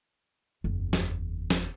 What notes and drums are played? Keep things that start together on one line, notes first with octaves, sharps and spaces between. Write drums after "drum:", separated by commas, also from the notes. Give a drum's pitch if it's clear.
F#1 E2
drum: snare
drum: snare